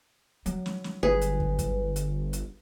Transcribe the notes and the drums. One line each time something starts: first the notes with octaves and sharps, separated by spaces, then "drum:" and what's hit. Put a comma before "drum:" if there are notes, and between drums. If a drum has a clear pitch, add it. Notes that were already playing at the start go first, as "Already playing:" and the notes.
F#3 C#4, drum: hi-hat
drum: snare
drum: snare
G1 G#4 B4
drum: hi-hat
drum: kick
drum: kick, hi-hat
drum: hi-hat
drum: hi-hat